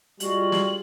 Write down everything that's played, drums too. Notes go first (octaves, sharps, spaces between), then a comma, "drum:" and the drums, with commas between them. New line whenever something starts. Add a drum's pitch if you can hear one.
G3 G#3 F4 F#4 F#7, drum: hi-hat
drum: snare